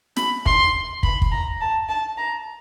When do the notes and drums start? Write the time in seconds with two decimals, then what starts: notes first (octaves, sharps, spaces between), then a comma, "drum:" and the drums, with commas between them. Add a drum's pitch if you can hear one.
0.17 B5, drum: snare
0.46 C6, drum: kick
1.03 B5, drum: kick
1.22 drum: kick
1.32 A#5
1.61 A5
1.89 A5
2.18 A#5